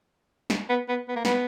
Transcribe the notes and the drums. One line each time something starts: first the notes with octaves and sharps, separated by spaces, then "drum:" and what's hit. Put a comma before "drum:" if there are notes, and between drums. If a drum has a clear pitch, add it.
drum: snare
B3
B3
B3
A#3
B3, drum: snare